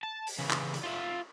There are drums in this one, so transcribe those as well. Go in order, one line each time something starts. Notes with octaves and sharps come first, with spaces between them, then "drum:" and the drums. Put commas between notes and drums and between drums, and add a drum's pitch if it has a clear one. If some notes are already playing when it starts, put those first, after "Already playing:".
A5
drum: open hi-hat
C#3 E3
drum: clap
drum: hi-hat
F4 E5